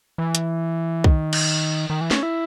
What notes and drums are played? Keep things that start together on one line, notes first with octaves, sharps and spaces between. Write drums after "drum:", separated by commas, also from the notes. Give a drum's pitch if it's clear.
E3
drum: hi-hat
D#3, drum: kick B1
drum: cymbal
D#3
E3
C#4, drum: snare
E4